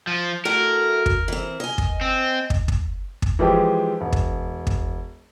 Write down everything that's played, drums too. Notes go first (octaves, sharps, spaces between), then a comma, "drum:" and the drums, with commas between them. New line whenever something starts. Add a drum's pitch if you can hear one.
F3
A3 E4 F#4 A#4
drum: kick
E3 C4
D#5 G#5
drum: kick
C4
drum: kick
drum: kick
drum: kick
E3 F3 G#3 G4
E1
drum: kick
drum: kick